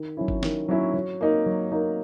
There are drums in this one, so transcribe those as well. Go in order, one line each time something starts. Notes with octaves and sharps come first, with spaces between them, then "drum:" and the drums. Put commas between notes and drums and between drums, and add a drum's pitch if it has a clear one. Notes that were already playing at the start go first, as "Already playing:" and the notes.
Already playing: D#3
F#3 C#4 E4
drum: kick G1
D#3, drum: snare
F#3 C#4 E4
F#3
A#3 D#4
F#3
A#3 D#4